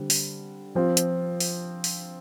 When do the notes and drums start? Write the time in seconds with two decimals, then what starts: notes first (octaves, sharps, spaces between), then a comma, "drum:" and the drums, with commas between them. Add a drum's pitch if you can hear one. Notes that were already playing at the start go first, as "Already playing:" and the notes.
Already playing: D3 G3 C4
0.10 drum: open hi-hat
0.75 F3 C4 F4
0.97 drum: hi-hat
1.40 drum: open hi-hat
1.84 drum: open hi-hat